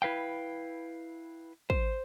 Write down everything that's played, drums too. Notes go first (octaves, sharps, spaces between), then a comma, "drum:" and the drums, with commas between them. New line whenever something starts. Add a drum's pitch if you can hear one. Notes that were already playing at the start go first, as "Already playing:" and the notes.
E4 B4 F5 G5
C5, drum: kick